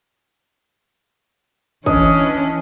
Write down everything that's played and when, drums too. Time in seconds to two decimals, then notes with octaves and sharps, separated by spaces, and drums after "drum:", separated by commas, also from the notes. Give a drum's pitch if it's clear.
1.86 E3 C#4 D4 D#5, drum: kick